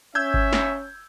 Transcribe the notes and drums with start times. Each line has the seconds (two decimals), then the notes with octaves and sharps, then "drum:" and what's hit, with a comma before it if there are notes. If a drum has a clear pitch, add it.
0.15 C#4 E5 E6 G6 G#6
0.34 drum: kick G1
0.53 drum: snare